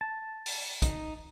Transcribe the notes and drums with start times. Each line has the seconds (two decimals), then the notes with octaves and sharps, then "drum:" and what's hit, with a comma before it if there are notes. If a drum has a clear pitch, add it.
0.01 A5
0.46 drum: open hi-hat
0.82 D#4, drum: kick, hi-hat